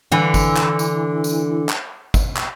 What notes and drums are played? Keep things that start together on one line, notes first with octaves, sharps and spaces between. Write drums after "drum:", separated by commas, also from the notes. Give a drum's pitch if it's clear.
D3 E3
drum: kick, tambourine
drum: clap
drum: tambourine
drum: tambourine
drum: clap
drum: kick, tambourine
drum: clap